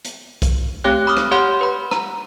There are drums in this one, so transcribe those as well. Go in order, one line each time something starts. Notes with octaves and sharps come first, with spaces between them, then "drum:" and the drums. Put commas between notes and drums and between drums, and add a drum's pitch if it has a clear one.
drum: hi-hat
drum: kick, hi-hat
A3 C4 G4 C#5 G5 F#6
B5 D6 D#6 F6
drum: rim click
G4 C#5 F#5 B5 C6 G6
B4 B5
A#5, drum: rim click